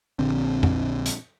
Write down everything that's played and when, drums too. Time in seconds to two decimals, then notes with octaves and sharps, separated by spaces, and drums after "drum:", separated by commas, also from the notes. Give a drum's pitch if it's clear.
0.19 A#1 D3 C4
0.63 drum: tom F2
1.06 drum: hi-hat